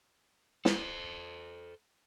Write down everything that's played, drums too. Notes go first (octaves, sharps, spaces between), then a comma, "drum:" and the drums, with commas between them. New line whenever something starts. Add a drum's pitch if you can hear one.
A4 C5, drum: snare